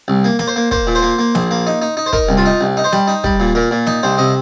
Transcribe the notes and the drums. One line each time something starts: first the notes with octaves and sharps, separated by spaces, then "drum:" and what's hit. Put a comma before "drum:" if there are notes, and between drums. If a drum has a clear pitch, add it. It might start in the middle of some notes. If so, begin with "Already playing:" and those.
C2
A#3
A#3, drum: snare
C5
A#3
A#3 C5, drum: kick
A#2
C5
A#3
A#3
A#1, drum: snare
A#3
D#4
D#4
D#4
C5
D#4 A#4, drum: kick
C2
F4
D#4
C2
D#4
C5
G3, drum: snare
D#4
G3, drum: kick
A#2
A#2 A#4
A#2
D#4, drum: snare
C2 C5
C3 D#5